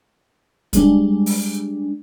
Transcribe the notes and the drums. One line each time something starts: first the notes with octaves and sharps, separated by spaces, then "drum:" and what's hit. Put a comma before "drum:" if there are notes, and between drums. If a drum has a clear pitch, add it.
G3 G#3 D4, drum: kick C#2, hi-hat
drum: open hi-hat